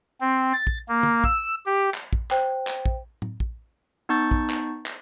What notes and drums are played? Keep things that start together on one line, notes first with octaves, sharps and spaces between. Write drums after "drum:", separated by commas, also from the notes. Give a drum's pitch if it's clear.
C4
A6
drum: kick
A#3
drum: tom
E6, drum: kick
G4
drum: clap
drum: kick
C5 G5, drum: clap
drum: clap
drum: kick
drum: tom A2
drum: kick
B3 D#4 A5 C#6 G6 A6
drum: kick
drum: clap
drum: clap